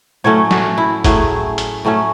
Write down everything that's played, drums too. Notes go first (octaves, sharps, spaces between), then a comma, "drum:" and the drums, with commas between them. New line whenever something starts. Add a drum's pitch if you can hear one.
A2 F#3 A3 C#4 C#5
F#4, drum: snare
E4
A2 F#3 A3 C#4 G#4, drum: kick G1, hi-hat
drum: hi-hat
A2 F#3 A3 C#4